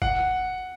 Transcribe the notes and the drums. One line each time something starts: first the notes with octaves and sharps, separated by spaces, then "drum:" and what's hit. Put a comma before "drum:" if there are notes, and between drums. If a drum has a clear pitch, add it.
F#5, drum: kick F#1